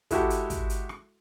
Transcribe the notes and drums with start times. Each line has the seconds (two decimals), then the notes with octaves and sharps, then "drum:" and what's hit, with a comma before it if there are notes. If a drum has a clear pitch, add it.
0.11 G#3 E4 F#4 G4 A4, drum: kick, hi-hat
0.30 drum: hi-hat
0.50 drum: kick, hi-hat
0.70 drum: hi-hat
0.89 drum: rim click